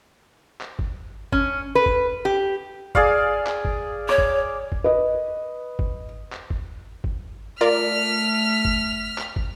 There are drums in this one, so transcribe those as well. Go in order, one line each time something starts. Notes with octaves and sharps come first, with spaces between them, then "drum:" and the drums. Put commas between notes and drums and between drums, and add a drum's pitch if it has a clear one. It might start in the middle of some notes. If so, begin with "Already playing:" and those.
drum: clap
drum: kick
C#4, drum: kick
B4
drum: kick
G4
G#4 D5 F5, drum: kick
drum: clap
drum: kick
C#5 D6
drum: kick
drum: kick
B4 D#5
drum: kick
drum: clap
drum: kick
drum: kick
A3 F4 A#4 D5 F6 B6
drum: kick
drum: clap
drum: kick